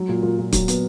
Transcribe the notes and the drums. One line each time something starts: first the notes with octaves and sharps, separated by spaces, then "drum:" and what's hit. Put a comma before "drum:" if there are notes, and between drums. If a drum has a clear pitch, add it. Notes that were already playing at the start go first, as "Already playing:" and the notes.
Already playing: F#3
A#2
A#2
A#2
F#3, drum: kick C#1, hi-hat
B3, drum: hi-hat